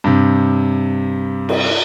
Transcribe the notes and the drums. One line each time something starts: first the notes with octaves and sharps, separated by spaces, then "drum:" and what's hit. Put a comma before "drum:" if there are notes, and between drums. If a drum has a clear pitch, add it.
G2 C3
drum: cymbal